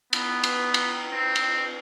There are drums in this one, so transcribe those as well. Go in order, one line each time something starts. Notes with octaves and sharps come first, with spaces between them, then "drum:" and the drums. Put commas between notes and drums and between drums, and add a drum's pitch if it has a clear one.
B3, drum: cymbal
drum: cymbal
drum: cymbal
C4
drum: cymbal